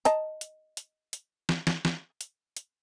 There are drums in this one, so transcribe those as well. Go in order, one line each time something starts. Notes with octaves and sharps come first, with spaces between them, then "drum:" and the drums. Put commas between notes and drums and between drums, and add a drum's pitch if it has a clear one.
D#5 A5 A#5, drum: hi-hat
drum: hi-hat
drum: hi-hat
drum: hi-hat
drum: snare
drum: snare
drum: snare
drum: hi-hat
drum: hi-hat